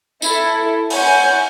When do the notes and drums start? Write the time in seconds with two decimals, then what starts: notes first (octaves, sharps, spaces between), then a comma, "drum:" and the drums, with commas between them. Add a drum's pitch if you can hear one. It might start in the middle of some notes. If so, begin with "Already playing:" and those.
0.22 E4 A4, drum: tambourine
0.90 E4 C#5 F#5 G#5 G6, drum: open hi-hat